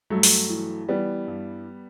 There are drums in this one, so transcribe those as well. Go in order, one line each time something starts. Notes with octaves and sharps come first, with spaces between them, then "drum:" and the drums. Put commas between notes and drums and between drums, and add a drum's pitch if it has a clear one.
G2 F#3 A3
drum: open hi-hat
E3
E3 G3 B3
G2